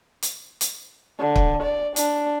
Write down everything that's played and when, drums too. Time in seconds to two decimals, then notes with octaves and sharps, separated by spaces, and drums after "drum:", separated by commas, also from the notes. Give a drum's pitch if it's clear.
0.23 drum: hi-hat
0.61 drum: hi-hat
1.19 D3
1.36 drum: kick
1.63 D5
1.96 D4, drum: hi-hat